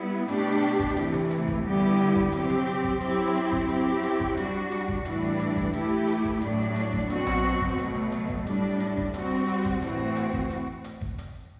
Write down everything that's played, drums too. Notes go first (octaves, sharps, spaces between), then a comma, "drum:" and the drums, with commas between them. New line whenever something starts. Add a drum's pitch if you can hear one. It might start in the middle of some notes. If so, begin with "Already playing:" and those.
Already playing: G3 B3 E4
B2 A3 D4 G4, drum: hi-hat
drum: hi-hat
drum: kick G#1
C3 E3 A3, drum: hi-hat
drum: tom C3
drum: hi-hat
drum: kick G#1
D3 G3 B3 E4 G4
drum: hi-hat
drum: kick G#1
F#3 C4 G4, drum: hi-hat
drum: tom C3
drum: hi-hat
drum: kick G#1
F#3 C4 E4 G4, drum: hi-hat
drum: hi-hat
drum: kick G#1
F#3 C4 E4 G4, drum: hi-hat
drum: hi-hat
drum: kick G#1
G3 D4 F#4, drum: hi-hat
drum: hi-hat
drum: kick G#1
A2 E3 G3 D4, drum: hi-hat
drum: hi-hat
drum: kick G#1
E3 A3 E4 G4, drum: hi-hat
drum: hi-hat
drum: kick G#1
A2 F#3 A3 D4, drum: hi-hat
drum: hi-hat
drum: kick G#1
B2 F#3 C4 F#4, drum: hi-hat
drum: tom A#1
drum: hi-hat
drum: kick G#1
B2 F#3 A3, drum: hi-hat
drum: tom C3
drum: hi-hat
drum: kick G#1
A2 G3 D4, drum: hi-hat
drum: hi-hat
drum: kick G#1
G3 C4 F#4, drum: hi-hat
drum: hi-hat
drum: kick G#1
A2 E3 A3 C4 F#4, drum: hi-hat
drum: hi-hat
drum: kick G#1
drum: hi-hat
drum: hi-hat
drum: kick G#1
drum: hi-hat